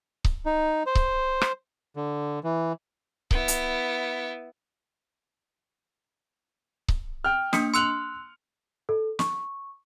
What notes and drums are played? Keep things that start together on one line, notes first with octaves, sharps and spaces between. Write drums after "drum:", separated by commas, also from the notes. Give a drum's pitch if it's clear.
drum: kick C#1
D#4
C5
drum: kick C#1
drum: rim click
D3
E3
B3 E4, drum: kick C#1
drum: hi-hat
drum: kick C#1
G5 F6
A#3 D4 C#7, drum: snare
C6 E6 F#6 C#7 F7 F#7
A4
C#6, drum: snare